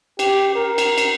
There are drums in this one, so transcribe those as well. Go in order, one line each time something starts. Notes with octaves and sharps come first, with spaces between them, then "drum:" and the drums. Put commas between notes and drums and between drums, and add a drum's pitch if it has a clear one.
G4, drum: cymbal
A#4
drum: cymbal
drum: cymbal